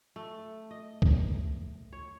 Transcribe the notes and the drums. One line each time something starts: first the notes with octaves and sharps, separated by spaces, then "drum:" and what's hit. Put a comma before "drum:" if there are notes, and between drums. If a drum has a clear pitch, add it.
A3
D#5
drum: kick C#2
C#5